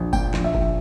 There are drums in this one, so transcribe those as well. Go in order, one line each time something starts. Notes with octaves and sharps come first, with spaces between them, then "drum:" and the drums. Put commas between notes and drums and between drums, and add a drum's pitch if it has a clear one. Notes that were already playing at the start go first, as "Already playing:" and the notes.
Already playing: A#1
A#2 G5, drum: kick F#1, tambourine
A#1, drum: clap
E5
A#1, drum: kick F#1